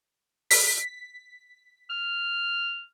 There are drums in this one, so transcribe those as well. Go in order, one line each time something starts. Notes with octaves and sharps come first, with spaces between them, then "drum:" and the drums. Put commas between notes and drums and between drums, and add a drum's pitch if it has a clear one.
B6, drum: open hi-hat
F6